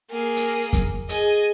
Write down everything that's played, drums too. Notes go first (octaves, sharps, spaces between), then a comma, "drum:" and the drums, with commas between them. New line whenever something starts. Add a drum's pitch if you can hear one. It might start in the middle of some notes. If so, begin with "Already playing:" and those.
A#3 G#4
drum: hi-hat
drum: kick F2, hi-hat
G#4 D#5 G#5, drum: hi-hat